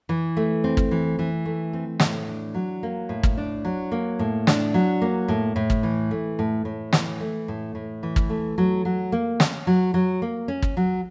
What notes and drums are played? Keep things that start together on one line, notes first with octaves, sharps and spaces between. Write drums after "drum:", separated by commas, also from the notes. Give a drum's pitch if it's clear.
E3
A3
C4
drum: kick
E3
E3
A3
C4
A2, drum: snare
D4
F#3
A#3
A2
drum: kick
D4
F#3
A#3
A2
D4, drum: snare
F#3
A#3
A2
A2
drum: kick
E3
A3
A2
A2
E3, drum: snare
A3
A2
A2
E3
drum: kick
A3
F#3
F#3
A#3
C#4, drum: snare
F#3
F#3
A#3
C#4
drum: kick
F#3